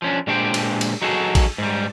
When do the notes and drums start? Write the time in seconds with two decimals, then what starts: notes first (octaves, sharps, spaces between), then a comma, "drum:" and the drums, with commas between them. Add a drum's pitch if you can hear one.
0.02 F3 C#4 D4
0.27 A#2 G#3 D4 G4 C5 G5
0.54 drum: cymbal
0.81 drum: cymbal
1.02 F#3 D#4 F#4 G#4 A4
1.35 drum: kick A1, cymbal
1.58 G#2 G3